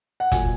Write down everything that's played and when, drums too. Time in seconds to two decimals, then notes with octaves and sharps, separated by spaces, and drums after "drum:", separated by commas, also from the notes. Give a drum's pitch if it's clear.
0.20 F#5
0.32 A#2 F#3 G#5, drum: kick, hi-hat